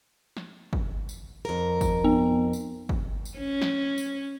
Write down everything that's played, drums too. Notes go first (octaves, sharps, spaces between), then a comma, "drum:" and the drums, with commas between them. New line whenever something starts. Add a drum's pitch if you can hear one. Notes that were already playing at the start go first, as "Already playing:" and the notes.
drum: snare
drum: kick
drum: tambourine
F2 A#4
drum: kick, tambourine
B3
drum: tambourine
drum: kick
drum: tambourine
C#4
drum: snare
drum: tambourine